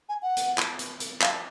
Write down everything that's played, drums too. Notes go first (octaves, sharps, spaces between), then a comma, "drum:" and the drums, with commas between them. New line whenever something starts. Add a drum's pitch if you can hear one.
G#5
F#5
drum: hi-hat
drum: clap
drum: hi-hat
drum: hi-hat
F5, drum: clap